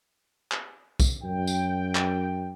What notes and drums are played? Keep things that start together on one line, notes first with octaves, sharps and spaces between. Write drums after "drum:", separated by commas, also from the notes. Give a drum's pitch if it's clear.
drum: clap
drum: kick B1, tambourine
F#2 G5
drum: tambourine
drum: clap